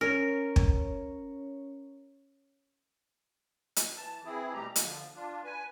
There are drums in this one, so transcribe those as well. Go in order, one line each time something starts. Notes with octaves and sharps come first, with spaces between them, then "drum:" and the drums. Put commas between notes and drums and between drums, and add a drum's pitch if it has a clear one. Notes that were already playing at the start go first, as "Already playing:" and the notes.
C#4 A#4 C#5
drum: kick
drum: hi-hat
E3 A5
E3 C4 E4 G#4
B2 G3 A3 G4 A#5
D3 F3, drum: hi-hat
D4 F4
B4 G#5